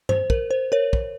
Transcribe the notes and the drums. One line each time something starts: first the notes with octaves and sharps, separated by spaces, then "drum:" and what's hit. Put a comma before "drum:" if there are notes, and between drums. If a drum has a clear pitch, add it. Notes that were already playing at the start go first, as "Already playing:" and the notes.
C5, drum: tom G2
A#4, drum: kick
C5
A#4 C#5
drum: kick